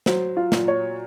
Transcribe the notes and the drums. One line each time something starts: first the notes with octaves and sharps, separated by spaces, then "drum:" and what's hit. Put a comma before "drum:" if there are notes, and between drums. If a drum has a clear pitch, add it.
F#3 C5, drum: snare
F4
A#2, drum: snare
C#5